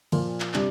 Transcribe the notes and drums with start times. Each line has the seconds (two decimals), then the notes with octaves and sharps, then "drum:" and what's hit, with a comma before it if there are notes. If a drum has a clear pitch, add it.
0.12 A#2 F3 A#3 F4, drum: cymbal
0.40 drum: clap
0.54 C3 G3 D4, drum: clap